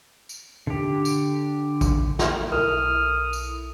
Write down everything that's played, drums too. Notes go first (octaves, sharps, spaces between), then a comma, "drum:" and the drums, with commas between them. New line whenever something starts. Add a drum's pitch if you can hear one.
drum: tambourine
D3 G4
drum: tambourine
drum: kick A1, tambourine
drum: snare
B1 E4 A4 A#4 D#6 F6
drum: tambourine